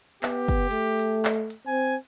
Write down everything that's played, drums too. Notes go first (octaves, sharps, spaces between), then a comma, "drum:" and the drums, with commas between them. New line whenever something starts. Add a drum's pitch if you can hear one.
B3 G4, drum: clap
drum: kick, hi-hat
A3, drum: hi-hat
drum: hi-hat
drum: clap
drum: hi-hat
C4 G#5